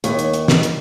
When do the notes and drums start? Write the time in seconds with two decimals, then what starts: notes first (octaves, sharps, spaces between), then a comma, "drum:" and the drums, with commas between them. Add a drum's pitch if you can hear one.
0.04 D#2, drum: hi-hat
0.19 drum: hi-hat
0.33 drum: hi-hat
0.48 drum: snare
0.63 drum: hi-hat